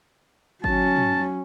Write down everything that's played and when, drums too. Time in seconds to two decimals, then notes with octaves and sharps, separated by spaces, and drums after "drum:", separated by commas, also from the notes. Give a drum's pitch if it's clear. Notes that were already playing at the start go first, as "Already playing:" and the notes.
0.64 F#3 C#4 A5, drum: kick G1
0.96 drum: tom